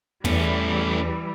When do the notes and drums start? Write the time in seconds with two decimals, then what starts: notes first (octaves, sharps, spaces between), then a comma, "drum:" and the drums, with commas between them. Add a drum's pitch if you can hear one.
0.25 E2 E3 G3 A3 C#4, drum: tom